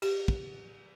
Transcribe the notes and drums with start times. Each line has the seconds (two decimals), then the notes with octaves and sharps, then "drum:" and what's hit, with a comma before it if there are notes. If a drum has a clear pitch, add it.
0.02 G4, drum: cymbal
0.28 drum: kick